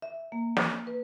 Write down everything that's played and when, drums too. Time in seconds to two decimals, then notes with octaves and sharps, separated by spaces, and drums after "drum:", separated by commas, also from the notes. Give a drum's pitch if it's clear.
0.02 E5
0.32 A#3
0.57 drum: snare
0.87 B4